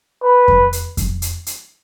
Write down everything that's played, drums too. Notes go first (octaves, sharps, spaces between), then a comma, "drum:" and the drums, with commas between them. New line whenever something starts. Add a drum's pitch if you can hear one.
B4
drum: kick F2
drum: hi-hat
drum: kick F2, hi-hat
drum: hi-hat
drum: hi-hat